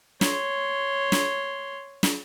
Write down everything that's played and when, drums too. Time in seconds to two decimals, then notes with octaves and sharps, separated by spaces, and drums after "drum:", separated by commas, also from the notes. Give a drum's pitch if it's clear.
0.21 C#5 C6, drum: snare
1.12 drum: snare
2.03 drum: snare